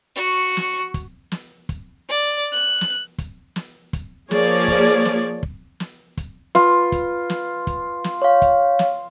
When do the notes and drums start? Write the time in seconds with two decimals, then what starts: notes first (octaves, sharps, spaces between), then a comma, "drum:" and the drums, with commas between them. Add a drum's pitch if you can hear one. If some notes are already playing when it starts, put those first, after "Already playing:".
0.16 F#4 C#6
0.57 drum: snare
0.94 drum: kick, hi-hat
1.32 drum: snare
1.69 drum: kick, hi-hat
2.10 D5
2.53 F#6
2.81 drum: snare
3.18 drum: kick, hi-hat
3.56 drum: snare
3.93 drum: kick, hi-hat
4.31 F3 A#3 G#4 C#5 D5, drum: snare
4.68 drum: kick, hi-hat
5.05 drum: snare
5.43 drum: kick
5.80 drum: snare
6.17 drum: kick, hi-hat
6.55 F4 B4, drum: snare
6.92 drum: kick, hi-hat
7.30 drum: snare
7.67 drum: kick, hi-hat
8.04 drum: snare
8.22 C#5 F5
8.42 drum: kick, hi-hat
8.79 drum: snare